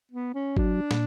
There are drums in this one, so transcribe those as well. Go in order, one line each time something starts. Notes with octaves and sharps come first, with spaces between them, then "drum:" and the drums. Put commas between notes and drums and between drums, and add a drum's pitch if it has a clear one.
B3
C#4
F#3 D4, drum: kick G1
A#2, drum: snare